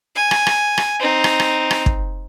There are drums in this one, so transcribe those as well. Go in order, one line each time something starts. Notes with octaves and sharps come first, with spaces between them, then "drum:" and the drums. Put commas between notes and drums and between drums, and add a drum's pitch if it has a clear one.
G#5
drum: rim click
drum: rim click
drum: rim click
C4 D#4
drum: rim click
drum: rim click
drum: rim click
drum: kick